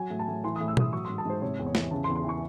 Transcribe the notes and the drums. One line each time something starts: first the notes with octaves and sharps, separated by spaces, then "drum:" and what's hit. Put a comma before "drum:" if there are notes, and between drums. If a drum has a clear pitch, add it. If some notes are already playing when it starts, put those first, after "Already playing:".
Already playing: F#3 G#5
A2
A5
A2
E3 C6
A2 D#6
E6
A2 D#6, drum: tom B2
F#3 C#6
G#2 C6
A5
G#2 C5
C3 C#5
E2
C#5
E3, drum: snare
C#3 A5
C6
E2
C6
E3 C#6